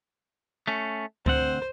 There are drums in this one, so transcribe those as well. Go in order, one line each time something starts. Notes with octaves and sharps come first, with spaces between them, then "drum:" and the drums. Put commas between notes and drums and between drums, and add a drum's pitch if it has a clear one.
A3 C#4
D2 C4 C5 F#5, drum: kick C#2